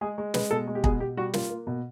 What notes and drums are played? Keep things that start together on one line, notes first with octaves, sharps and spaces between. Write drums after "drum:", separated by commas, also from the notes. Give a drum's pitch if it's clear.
G#3 G#4
G#3
G#3 B4, drum: snare
B2 A4
G#3
G4
B2 G#4, drum: kick
B2 G4
G3 F#4
A#3 F4, drum: snare
A#3
B2